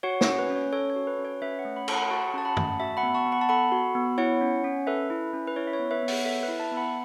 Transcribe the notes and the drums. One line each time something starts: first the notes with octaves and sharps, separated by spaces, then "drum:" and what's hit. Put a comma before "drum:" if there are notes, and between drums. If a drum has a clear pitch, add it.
F#4 C#5 F#5
C#5, drum: snare
C#4
B4
C#4
C#5
A4 C#5
C#5
F#4
B4
C#4
C#5
C#4 B4 E5
C#5 F#5
A3
F#5 B5
A4, drum: cymbal
F#5 B5
F#4 A5 C#6
C#4 A5
F#5 B5
A3, drum: tom G2
F#4 E5 A5
F#5 B5
B3
A5 C#6
B3
F#5 B5
A5
A4 F#5 B5
F#4
B3
E4 C#5 F#5
C#4
C#4
A4 B4 E5
E4
C#4
B4
E4 C#5
E5
C#5
B3
B4 E5
B3
C#5 F#5, drum: open hi-hat
A4 B4 E5
B4 E5
E4
E5 A5
B3
F#5 B5